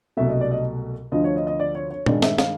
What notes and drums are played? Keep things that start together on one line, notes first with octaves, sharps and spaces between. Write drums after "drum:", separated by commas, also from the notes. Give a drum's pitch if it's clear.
C2 B2 F#3 A3 E5
D#5
D5
D#5
D2 D3 F3 D#5
C#5
D#5
D#5
D5
C#5
C#5
G2 D#3 G#3 D5, drum: tom A#2
E5, drum: snare
F5, drum: snare